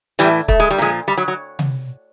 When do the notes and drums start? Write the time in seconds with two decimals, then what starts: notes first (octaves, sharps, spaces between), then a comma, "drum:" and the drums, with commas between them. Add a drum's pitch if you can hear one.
0.19 A2 E3 G3, drum: hi-hat
0.48 A3, drum: kick
0.60 G#3
0.71 G3
0.78 A#2 F3 G#3
1.08 G3
1.17 F#3
1.28 F#3
1.59 drum: tom C3